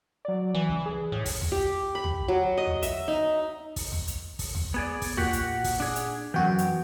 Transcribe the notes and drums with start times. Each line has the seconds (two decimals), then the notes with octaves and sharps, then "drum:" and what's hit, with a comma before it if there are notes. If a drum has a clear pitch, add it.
0.25 F#3 D5
0.54 E3
0.69 C#2
0.86 G#4
1.12 A2
1.26 drum: kick, open hi-hat
1.41 drum: tom
1.52 G4
1.95 B5
2.04 drum: tom
2.28 F#3
2.58 D#5
2.67 drum: tom
2.83 E5, drum: hi-hat
3.08 D#4
3.76 drum: kick, open hi-hat
3.92 drum: tom
4.08 drum: hi-hat
4.39 drum: kick, open hi-hat
4.55 drum: tom
4.74 B3 G#4 D5
5.02 drum: kick, open hi-hat
5.17 A#2 F#4 G4 F#5 F#6, drum: tom
5.33 drum: hi-hat
5.64 drum: kick, open hi-hat
5.80 D4 G#4
5.96 drum: hi-hat
6.34 F#2 E3 B3 F#4 G5
6.58 drum: hi-hat